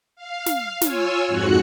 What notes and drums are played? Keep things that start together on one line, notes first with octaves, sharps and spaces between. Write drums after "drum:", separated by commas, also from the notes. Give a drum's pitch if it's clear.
F5
drum: snare
F4 C#5 G#5 E6, drum: snare
F2 G#2 F#4 F#6 C#7